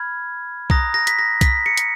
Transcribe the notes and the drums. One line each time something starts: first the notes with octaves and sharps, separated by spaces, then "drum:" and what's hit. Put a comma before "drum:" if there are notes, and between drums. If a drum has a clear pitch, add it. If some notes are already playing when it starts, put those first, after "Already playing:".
Already playing: B5 F6 G#6
A#5 D#6 F#6 A#6, drum: kick B1
A#6
B6, drum: hi-hat
A#6
B6, drum: kick B1, hi-hat
C#7
drum: hi-hat